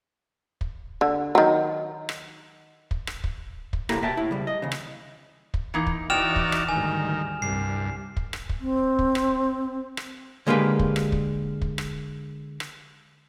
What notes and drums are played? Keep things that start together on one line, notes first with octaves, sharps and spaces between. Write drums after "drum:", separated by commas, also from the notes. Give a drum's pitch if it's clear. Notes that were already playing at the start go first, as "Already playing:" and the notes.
drum: kick
D3
D#3 F#3
drum: rim click
drum: kick
drum: rim click
drum: kick
drum: kick
C2 A#3 E4 G4 A4 A#5, drum: rim click
B2 E5 G5 A5
A2 E4
C#3 G3
D#5
D#2 C#3
drum: rim click
drum: kick
E3 A#3 D#4
drum: kick
E3 D#4 F#4 D5 G5 F6 E7 F7
drum: kick
drum: rim click
D2 G#2 D#3 G3 G#5
C2 G2 C7
drum: kick
drum: rim click
drum: kick
C4
drum: kick
drum: rim click
drum: rim click
D3 G#3 A#3 G4 B4
drum: kick
drum: rim click
drum: kick
drum: kick
drum: rim click
drum: rim click